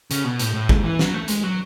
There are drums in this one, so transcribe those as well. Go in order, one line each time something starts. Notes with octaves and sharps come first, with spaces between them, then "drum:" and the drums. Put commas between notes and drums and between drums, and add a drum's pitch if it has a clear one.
C#3, drum: hi-hat
B2
A2, drum: hi-hat
A2
G#2, drum: kick G1
E3
F#3, drum: snare
A3
G#3, drum: hi-hat
F#3